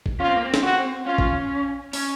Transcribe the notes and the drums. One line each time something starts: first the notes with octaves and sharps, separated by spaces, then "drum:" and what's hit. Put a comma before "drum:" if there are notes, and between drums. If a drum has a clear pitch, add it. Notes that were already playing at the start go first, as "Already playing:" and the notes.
drum: kick A1
C#4 F4
C4
A#3
C4
drum: snare
F#4
C#4 F4
drum: kick A1
C#4, drum: open hi-hat